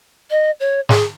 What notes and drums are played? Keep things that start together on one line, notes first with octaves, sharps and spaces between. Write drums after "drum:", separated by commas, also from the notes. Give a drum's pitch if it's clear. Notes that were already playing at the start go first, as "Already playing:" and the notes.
D#5
C#5
G#4, drum: snare